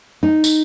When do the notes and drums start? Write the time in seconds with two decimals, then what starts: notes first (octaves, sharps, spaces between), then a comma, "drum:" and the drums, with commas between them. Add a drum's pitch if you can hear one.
0.23 D#4
0.44 drum: tambourine